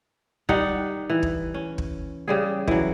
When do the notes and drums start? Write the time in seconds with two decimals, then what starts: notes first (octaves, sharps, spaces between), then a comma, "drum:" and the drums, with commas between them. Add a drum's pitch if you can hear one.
0.49 D#3 G3 D#4 F#5, drum: kick
1.10 E3
1.23 drum: kick
1.54 C#4
1.78 drum: kick
2.28 C#3 G3 G#4
2.67 E3 F#3, drum: kick